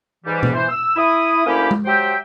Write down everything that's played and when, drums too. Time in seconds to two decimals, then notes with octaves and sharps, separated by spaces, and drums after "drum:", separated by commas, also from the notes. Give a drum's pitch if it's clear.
0.25 G#2 E3 G3
0.43 drum: tom B2
0.53 E3 C5
0.69 E6
0.96 E4 D#6
1.46 D2 A#3 C#4 E4 G4
1.71 drum: tom G#3
1.85 F#3 G4 C5 E5 G5